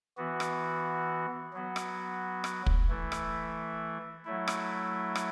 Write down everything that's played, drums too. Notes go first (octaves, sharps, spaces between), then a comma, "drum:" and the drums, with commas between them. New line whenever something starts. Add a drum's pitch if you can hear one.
E3 B3 F#4
drum: rim click
F#3 B3 F#4
drum: rim click
drum: rim click
drum: kick
E3 A3 E4
drum: rim click
F#3 A3 E4
drum: rim click
drum: rim click